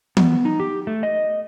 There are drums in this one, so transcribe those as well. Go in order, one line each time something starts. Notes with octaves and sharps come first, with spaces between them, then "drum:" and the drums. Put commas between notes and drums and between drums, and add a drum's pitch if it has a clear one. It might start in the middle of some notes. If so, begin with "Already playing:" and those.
B3, drum: tom E3
D#4
G4
A3
D#5